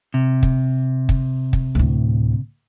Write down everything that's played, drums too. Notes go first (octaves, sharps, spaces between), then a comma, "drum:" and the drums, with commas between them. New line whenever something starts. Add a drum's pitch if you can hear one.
C3
drum: kick
drum: kick
drum: kick
D2 A2